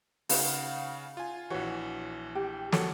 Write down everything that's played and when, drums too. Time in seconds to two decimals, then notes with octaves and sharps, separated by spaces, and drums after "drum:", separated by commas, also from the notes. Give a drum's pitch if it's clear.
0.29 C#3 D#4 F#4 B4 F5 F#5, drum: open hi-hat
1.17 F4 G#5
1.50 A#1 E3 F#4 C#5
2.35 G4
2.72 F#4 A4 C#5, drum: snare